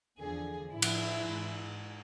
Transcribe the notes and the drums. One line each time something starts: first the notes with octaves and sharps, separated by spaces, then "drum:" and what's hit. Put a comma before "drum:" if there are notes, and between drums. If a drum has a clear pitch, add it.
E2 D3 F3 G#4
A2 F3 E4
drum: cymbal
G#2 E3